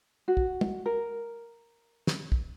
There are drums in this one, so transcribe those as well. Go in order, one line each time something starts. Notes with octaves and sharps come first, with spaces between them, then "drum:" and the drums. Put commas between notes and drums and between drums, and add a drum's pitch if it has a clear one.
F#4
drum: kick
drum: tom
A#4
drum: snare
drum: kick